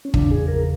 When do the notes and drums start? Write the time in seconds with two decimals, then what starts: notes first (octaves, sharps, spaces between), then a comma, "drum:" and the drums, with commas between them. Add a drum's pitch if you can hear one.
0.05 C#4
0.14 E2 C#3 F3 D4, drum: kick
0.31 G#4
0.48 A#4